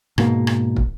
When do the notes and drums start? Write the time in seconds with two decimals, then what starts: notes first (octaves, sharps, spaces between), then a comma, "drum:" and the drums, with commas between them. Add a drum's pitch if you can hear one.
0.18 G#2 B2 A#3, drum: rim click
0.47 drum: rim click
0.76 drum: kick